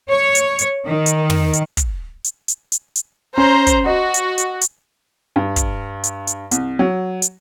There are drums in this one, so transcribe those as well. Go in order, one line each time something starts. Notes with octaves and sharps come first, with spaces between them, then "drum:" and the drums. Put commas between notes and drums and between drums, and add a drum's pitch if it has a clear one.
C#5
drum: hi-hat
drum: hi-hat
D#3
drum: hi-hat
drum: tom
drum: hi-hat
drum: kick, hi-hat
drum: hi-hat
drum: hi-hat
drum: hi-hat
drum: hi-hat
C#4 C5 A#5
drum: kick, hi-hat
F#4 D#5
drum: hi-hat
drum: hi-hat
drum: hi-hat
G2
drum: kick, hi-hat
drum: hi-hat
drum: hi-hat
C2, drum: hi-hat
F#3
drum: hi-hat